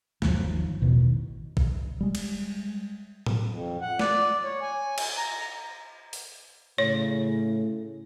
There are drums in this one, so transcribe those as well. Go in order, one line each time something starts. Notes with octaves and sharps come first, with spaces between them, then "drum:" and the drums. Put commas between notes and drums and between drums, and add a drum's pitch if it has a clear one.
G1 D#2 F3 F#3, drum: snare
A1 E2 B2 D#3
drum: kick
G3 G#3
drum: cymbal
drum: tom A2
F2
F#5
D5, drum: snare
C#5
G#5
drum: cymbal
A#5
drum: open hi-hat
A2 C#3 C#5